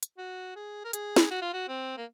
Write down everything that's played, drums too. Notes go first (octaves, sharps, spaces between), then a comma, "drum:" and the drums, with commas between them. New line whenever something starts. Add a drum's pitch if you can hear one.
drum: hi-hat
F#4
G#4
A#4
G#4, drum: hi-hat
drum: snare
F#4
F4
F#4
C4
A#3